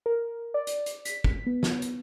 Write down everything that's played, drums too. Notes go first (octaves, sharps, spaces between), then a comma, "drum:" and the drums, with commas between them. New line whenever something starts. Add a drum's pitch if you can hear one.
A#4
D5
drum: hi-hat
drum: hi-hat
B6, drum: hi-hat
drum: kick
B3
drum: snare
drum: hi-hat